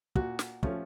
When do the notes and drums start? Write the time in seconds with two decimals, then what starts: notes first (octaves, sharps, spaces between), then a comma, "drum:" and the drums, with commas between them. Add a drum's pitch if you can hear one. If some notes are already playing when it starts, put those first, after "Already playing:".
0.15 A#2 F#4, drum: kick
0.39 drum: snare
0.63 F3 A3 C#4, drum: kick